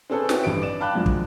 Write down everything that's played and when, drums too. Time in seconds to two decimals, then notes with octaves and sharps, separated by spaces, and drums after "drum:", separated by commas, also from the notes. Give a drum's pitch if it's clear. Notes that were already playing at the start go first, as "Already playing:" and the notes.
0.10 C4 C#4 G#4 A4 B4 C5
0.29 C4 E4 F#4 B4 C#5 G5, drum: snare
0.43 A1 G2 G3 B4 D7
0.62 D5 E7
0.80 F5 G5 A5 B5 D6 F#6
0.94 F#2 F3 G#3 D4
1.06 drum: kick